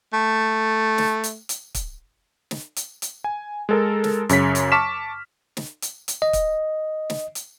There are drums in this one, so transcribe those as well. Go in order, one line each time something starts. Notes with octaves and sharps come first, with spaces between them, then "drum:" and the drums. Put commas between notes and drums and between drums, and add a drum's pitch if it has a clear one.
A3
drum: snare
drum: hi-hat
drum: hi-hat
drum: kick, hi-hat
drum: snare
drum: hi-hat
drum: hi-hat
G#5
G#3 A4 A#4
drum: snare
F#2 C#3 C#5 B6, drum: hi-hat
drum: hi-hat
A5 C#6 D6 F6 B6 E7
drum: snare
drum: hi-hat
drum: hi-hat
D#5
drum: kick, hi-hat
drum: snare
drum: hi-hat